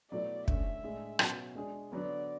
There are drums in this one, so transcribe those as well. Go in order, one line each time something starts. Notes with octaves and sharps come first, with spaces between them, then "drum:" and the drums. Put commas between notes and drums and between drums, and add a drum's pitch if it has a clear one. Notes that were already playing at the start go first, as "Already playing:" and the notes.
B2 F#3 A3 E4 D5
D3 A3 C#4 E5, drum: kick
A2 G#3 D4 G#4
B2 F#3 C#4 F#4, drum: rim click
G#3 D4 G#4
D3 F#3 B3 D5